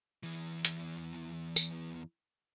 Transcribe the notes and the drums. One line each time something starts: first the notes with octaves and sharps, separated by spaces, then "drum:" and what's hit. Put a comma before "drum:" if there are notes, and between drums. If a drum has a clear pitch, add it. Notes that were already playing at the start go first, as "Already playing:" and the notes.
E2 E3
drum: hi-hat
drum: tambourine